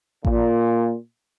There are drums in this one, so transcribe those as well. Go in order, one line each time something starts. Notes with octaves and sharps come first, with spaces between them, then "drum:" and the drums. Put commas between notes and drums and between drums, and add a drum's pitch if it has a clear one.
A#2, drum: kick A1